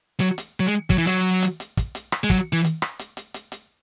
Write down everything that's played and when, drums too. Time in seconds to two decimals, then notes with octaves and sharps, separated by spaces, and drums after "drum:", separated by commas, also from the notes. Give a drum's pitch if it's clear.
0.20 F#3, drum: hi-hat
0.38 drum: hi-hat
0.60 F#3
0.66 G#3
0.90 F#3, drum: kick, hi-hat
0.98 E3
1.07 F#3, drum: hi-hat
1.42 drum: hi-hat
1.60 drum: hi-hat
1.77 drum: kick, hi-hat
1.95 drum: hi-hat
2.12 drum: rim click
2.24 G#3
2.30 F#3, drum: kick, hi-hat
2.53 E3
2.65 drum: hi-hat
2.82 drum: rim click
2.99 drum: hi-hat
3.17 drum: hi-hat
3.34 drum: hi-hat
3.52 drum: hi-hat